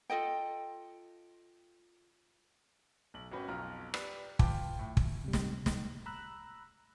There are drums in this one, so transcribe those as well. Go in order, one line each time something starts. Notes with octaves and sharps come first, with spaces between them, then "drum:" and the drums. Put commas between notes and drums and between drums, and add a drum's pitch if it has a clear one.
F4 A4 D#5 G5
B1 F#7
G#1 C#4 F#4 B4 G5
B1 F2 F4 A#5 F6
G4 B4 D5, drum: rim click
F4 B4 G5 A5 D6, drum: kick
A2
drum: kick
C3 G3
drum: snare
drum: snare
A#5 B5 E6 F#6